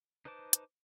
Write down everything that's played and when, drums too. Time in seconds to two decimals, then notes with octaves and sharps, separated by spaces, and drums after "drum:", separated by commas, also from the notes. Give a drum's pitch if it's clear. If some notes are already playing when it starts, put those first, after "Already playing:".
0.25 D#4 B4 C5 A5 D6
0.53 drum: hi-hat